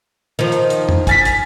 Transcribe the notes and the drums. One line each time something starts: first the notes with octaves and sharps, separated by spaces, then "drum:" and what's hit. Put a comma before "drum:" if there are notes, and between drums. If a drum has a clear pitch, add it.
D#3 F3
drum: hi-hat
drum: hi-hat
drum: tom
G#5 A6 B6, drum: kick, hi-hat
drum: hi-hat